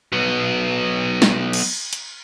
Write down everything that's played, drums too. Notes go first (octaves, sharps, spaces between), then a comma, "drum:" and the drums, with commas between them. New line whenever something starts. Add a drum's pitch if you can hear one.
F#3 B3
drum: snare
drum: cymbal
drum: hi-hat